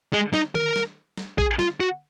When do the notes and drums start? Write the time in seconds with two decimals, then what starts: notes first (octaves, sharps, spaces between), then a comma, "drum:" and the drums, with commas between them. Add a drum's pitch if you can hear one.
0.13 G#3
0.34 D#4, drum: snare
0.55 A#4, drum: tom D#3
0.76 drum: snare
1.17 drum: snare
1.38 G#4, drum: kick
1.59 F4, drum: snare
1.80 F#4